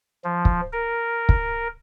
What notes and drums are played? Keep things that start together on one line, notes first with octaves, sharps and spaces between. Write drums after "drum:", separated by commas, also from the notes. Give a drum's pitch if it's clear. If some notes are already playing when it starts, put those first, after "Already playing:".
F3
drum: kick
A#4
drum: kick